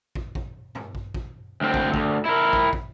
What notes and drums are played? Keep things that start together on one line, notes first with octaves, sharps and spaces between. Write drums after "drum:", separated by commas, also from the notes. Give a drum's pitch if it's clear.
drum: kick
drum: kick
drum: tom G2
drum: kick
drum: kick
D2 C4
drum: kick
D2, drum: kick
E4 A#4
drum: kick
drum: kick